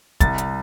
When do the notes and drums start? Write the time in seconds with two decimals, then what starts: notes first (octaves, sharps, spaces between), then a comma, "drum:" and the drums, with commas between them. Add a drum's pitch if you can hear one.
0.20 C2 A6, drum: kick, hi-hat
0.38 drum: hi-hat